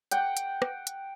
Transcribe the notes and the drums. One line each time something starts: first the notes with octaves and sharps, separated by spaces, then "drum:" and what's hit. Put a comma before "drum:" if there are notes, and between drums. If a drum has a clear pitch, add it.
F#5 G5, drum: hi-hat
drum: hi-hat
drum: rim click
drum: hi-hat